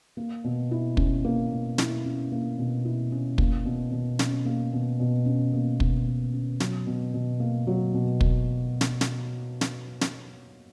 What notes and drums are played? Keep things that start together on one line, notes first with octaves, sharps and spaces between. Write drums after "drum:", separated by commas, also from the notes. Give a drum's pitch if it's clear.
A#3
B2
E4
C#4, drum: kick
A#3
B2
E4, drum: snare
C#4
A#3
B2
E4
C#4
A#3, drum: kick
B2
B2
C#4, drum: snare
A#3
B2
B2
C#4
A#3
B2, drum: kick
B2
C#4
F#3, drum: snare
B2
B2
A#3
F#3
B2
drum: kick
drum: snare
drum: snare
drum: snare
drum: snare